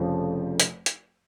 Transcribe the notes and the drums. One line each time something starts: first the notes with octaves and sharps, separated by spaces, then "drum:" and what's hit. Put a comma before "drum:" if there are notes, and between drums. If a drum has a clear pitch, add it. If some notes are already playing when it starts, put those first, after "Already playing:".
Already playing: F1 F2 C#3 F3
drum: hi-hat
drum: hi-hat